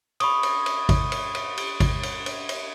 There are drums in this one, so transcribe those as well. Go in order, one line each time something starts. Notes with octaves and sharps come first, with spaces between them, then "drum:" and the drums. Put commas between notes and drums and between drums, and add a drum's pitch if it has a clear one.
B5 C#6 D#6, drum: cymbal
drum: cymbal
drum: cymbal
drum: kick, cymbal
drum: cymbal
drum: cymbal
drum: cymbal
drum: kick, cymbal
drum: cymbal
drum: cymbal
drum: cymbal